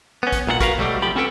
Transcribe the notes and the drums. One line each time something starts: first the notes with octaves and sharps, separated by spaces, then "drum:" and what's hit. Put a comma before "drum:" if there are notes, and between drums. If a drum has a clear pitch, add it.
B3 C#4
drum: kick, hi-hat
B1 A#2 F4 F#5
F#4 A#4 B4 F5 F#5 A#5, drum: kick, hi-hat
B2 F#3 G3 A3 G4
C2 F3 G4 B5
C4 C#4 F#4 A4 B4 G5